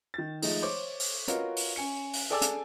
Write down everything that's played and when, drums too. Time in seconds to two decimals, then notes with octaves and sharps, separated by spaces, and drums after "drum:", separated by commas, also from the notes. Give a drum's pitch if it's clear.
0.14 D#3 A6
0.42 F3 G#3 A3 D#4, drum: open hi-hat
0.62 C5 C#5 D6
0.99 drum: open hi-hat
1.28 F4 F#4 A#4 B4 C#5 D#5, drum: hi-hat
1.56 drum: open hi-hat
1.76 C#4 G#5 C#7
2.13 drum: open hi-hat
2.30 G#4 A4 D5 G#5 D6 E6
2.42 drum: hi-hat